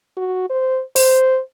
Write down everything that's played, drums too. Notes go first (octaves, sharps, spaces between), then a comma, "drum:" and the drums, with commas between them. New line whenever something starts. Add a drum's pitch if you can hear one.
F#4
C5
C5, drum: open hi-hat